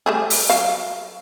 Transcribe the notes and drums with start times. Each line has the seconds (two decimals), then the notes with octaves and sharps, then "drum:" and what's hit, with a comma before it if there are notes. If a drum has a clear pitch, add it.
0.06 G3 A3 G#4
0.30 drum: open hi-hat
0.50 F#3 F5